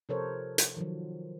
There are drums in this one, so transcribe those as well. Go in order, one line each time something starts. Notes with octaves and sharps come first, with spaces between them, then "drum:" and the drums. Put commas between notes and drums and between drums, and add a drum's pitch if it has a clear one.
C3 F3 A4 A#4 C5 C#5
drum: hi-hat
D#3 F3 F#3